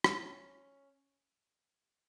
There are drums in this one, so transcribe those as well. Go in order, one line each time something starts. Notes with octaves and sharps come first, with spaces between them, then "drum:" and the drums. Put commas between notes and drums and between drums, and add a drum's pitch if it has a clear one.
C#4, drum: rim click
E4
C#4